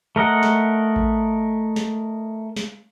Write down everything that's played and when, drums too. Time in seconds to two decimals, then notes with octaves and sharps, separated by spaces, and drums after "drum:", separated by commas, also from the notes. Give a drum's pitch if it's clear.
0.16 A3 A#4 D#5 F#5
0.43 drum: snare
0.96 drum: kick A1
1.76 drum: snare
2.56 drum: snare